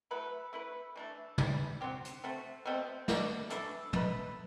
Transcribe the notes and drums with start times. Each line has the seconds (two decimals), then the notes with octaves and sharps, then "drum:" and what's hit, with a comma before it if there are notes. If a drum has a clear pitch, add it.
0.11 F#3 A3 E4 B4
0.53 A3 E4 B4
0.96 E3 A3 D4
1.38 E3 G3 D4, drum: tom
1.81 F#3 C4 G4
2.05 drum: hi-hat
2.24 A3 C4 F#4
2.66 B2 A3 C4
3.08 B2 G3 D4 F#4, drum: snare
3.50 E3 A3 D4 A4, drum: hi-hat
3.93 B2 A3 E4 B4, drum: tom